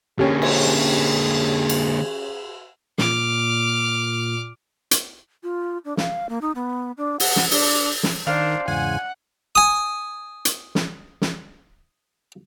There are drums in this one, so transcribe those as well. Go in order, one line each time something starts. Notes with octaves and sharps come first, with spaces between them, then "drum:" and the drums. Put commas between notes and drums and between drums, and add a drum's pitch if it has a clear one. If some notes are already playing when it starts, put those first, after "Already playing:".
D3 A#3 C#4 G4 G#4
drum: cymbal
drum: cymbal
A#2 D6 F6, drum: snare
drum: hi-hat
F4
D4
F5, drum: snare
A#3
D#4
B3
D4
F#5, drum: open hi-hat
drum: snare
D4, drum: open hi-hat
drum: snare
D#3 D4 C5 F5
E2 G#2 C#3 F#5 G#5
G#5 D#6
drum: hi-hat
drum: snare
drum: snare